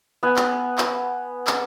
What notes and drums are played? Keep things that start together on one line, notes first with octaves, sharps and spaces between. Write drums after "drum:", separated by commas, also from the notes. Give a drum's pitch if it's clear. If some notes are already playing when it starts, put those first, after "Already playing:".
B3 F#5 G#5
drum: clap
drum: clap
drum: clap